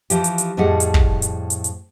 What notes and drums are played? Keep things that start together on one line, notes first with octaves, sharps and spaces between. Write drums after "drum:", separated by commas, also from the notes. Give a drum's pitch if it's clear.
E3 F3 G4, drum: hi-hat
drum: hi-hat
drum: hi-hat
F2 A2 G3 G#4 D#5 F#5
drum: hi-hat
drum: kick
drum: hi-hat
drum: hi-hat
drum: hi-hat